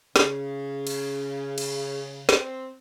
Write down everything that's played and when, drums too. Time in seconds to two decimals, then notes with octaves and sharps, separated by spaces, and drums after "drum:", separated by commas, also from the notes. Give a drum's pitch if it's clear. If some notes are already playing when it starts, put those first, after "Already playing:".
0.16 C#3, drum: snare
0.87 drum: cymbal
1.58 drum: cymbal
2.29 drum: snare
2.38 C4